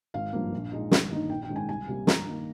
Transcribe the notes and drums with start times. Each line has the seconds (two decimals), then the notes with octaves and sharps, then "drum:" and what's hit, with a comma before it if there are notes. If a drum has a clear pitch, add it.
0.14 G#1 F5
0.33 G2 F3 A#3
0.52 A#1
0.72 A#2 G#3 D#4
0.91 G1, drum: snare
1.11 G2 D#3 A#3 D#4
1.30 A#1 G5
1.43 G5
1.49 G#2 D#3 G#3 C#4
1.56 G#5
1.69 C2 G#5
1.88 C3 G3 A#3
2.07 G2 A#5, drum: snare
2.27 D#3 A#3